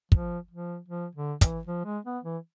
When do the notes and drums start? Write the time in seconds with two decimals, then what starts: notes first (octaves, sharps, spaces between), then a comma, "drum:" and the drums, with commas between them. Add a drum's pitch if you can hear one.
0.12 F3, drum: kick
0.51 F3
0.89 F3
1.16 D3
1.41 E3, drum: kick, hi-hat
1.67 F3
1.85 G#3
2.05 B3
2.24 E3